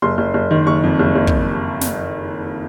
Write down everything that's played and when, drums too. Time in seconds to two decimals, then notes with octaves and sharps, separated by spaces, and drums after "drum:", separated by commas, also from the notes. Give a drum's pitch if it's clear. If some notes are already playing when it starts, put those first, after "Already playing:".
0.02 F#1 C6
0.18 F#1
0.34 F#1
0.51 D#3
0.67 F#1 C#6
0.83 F2
0.99 F#1
1.16 F#1
1.27 drum: kick
1.81 drum: snare